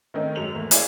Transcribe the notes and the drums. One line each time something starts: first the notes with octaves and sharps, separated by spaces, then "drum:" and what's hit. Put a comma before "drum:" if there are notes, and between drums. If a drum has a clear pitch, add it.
D#3 A3 C4 C#4 D#4 A#4
F#2 G#3 F7 F#7
E2 A3 A#3
E4 G#4 C#5 D5 F5, drum: hi-hat